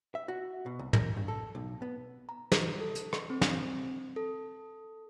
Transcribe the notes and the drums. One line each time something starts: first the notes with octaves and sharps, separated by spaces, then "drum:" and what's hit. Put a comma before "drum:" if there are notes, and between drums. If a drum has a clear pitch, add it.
E5
F#4
B2
C2
A#4, drum: tom
G2
A4
B1
B3
A#5
drum: snare
A4
drum: hi-hat
drum: rim click
C4
drum: snare
A4